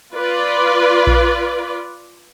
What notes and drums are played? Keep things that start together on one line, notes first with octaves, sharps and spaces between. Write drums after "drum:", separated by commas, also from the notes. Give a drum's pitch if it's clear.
F4 B4 D5
drum: kick A#1